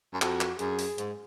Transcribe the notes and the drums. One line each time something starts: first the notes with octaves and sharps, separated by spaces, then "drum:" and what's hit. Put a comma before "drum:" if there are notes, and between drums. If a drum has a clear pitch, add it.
F#2
F2 F#4, drum: clap
drum: clap
F#2 G#4, drum: hi-hat
drum: open hi-hat
G#2, drum: hi-hat